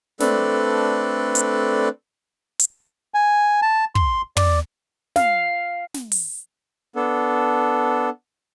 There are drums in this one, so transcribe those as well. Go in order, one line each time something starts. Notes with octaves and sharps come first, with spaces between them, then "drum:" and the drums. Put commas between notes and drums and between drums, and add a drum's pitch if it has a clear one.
A3 C4 D4 A4 B4 D5, drum: snare
drum: hi-hat
drum: hi-hat
G#5
A5
C6, drum: kick
D5, drum: tom
F5, drum: snare
drum: snare
drum: open hi-hat
B3 D4 A4